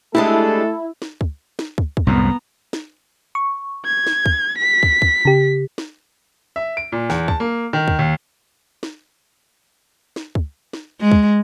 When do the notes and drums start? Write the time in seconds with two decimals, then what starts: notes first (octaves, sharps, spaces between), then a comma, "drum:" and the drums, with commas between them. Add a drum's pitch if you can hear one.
0.15 G#3 A3 D4 E4 G4 A4
1.02 drum: snare
1.21 drum: kick
1.59 drum: snare
1.78 drum: kick
1.97 drum: kick
2.07 C2 F#2 A2 B3 A#5
2.73 drum: snare
3.35 C#6
3.85 G#6
4.07 drum: snare
4.26 drum: kick
4.58 B6
4.83 drum: kick
5.02 drum: kick
5.25 C#3 G4
5.78 drum: snare
6.56 E5
6.77 D7
6.92 A#2
7.10 E2, drum: snare
7.28 A5, drum: kick
7.40 A#3
7.73 D#3
7.88 drum: kick
7.99 D#2
8.83 drum: snare
10.16 drum: snare
10.35 drum: kick
10.73 drum: snare
11.01 G#3
11.12 drum: kick